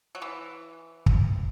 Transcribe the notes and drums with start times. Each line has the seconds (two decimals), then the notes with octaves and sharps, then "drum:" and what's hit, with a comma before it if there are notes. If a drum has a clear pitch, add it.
0.15 F#3
0.22 E3
1.06 drum: kick